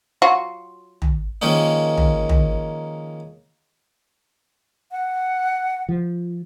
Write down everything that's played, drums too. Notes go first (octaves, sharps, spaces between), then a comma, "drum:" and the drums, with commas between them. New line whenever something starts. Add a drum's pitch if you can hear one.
F#3 F4 F#4
drum: tom
D#3 F3 G#3 A#3 C#4 D#4
drum: tom
drum: tom
F#5
F3